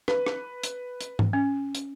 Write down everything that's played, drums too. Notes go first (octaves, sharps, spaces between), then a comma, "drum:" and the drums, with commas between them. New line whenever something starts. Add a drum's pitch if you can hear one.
B4, drum: rim click
drum: rim click
drum: hi-hat
drum: hi-hat
drum: tom G#2
C#4
drum: hi-hat